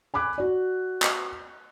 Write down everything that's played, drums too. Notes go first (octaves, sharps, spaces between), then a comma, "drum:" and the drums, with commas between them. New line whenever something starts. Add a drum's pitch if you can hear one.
G#5 B5 D6 F#6
F#4 D5
drum: clap